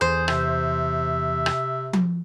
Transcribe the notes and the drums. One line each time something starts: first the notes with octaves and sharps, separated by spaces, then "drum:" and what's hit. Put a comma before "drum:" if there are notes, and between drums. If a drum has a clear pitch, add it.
E2 G#4 C5
C3 E5, drum: rim click
drum: rim click
drum: tom F3